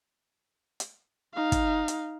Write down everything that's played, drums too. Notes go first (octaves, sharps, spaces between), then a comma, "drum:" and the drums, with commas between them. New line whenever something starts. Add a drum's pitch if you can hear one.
drum: hi-hat
D#4 F5
drum: kick, hi-hat
drum: hi-hat